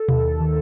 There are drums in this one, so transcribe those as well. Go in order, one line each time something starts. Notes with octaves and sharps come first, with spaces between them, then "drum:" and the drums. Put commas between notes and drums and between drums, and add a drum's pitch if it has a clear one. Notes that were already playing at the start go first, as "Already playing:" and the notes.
Already playing: A4
D#2, drum: tom B2
D#2
D#3